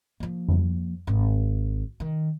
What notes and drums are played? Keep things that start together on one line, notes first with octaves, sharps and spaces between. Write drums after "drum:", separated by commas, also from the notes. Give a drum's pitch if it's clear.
F3 A#3
drum: tom F2
G#1
D#3